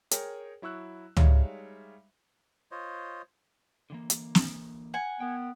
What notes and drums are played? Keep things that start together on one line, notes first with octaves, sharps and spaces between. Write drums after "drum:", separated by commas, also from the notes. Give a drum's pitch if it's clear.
G#4 A#4 C#5 G5, drum: hi-hat
F#3 E4 C#6 E6 F#6
G3 G#3 D#4 C#5 E5 F5, drum: tom C#2
F4 C5 C#5 D#5
D3 E3 A#3
drum: hi-hat
drum: snare
F#5 G#5
B3 A#4 G5